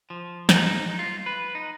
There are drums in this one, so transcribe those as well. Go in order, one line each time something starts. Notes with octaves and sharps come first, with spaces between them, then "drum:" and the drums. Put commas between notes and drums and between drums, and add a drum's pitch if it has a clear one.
F3
D#4, drum: snare
F4
B4
D#4